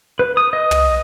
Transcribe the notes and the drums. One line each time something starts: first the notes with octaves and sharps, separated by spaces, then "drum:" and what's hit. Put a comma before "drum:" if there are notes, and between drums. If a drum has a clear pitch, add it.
B4
D#6
D#5
drum: tom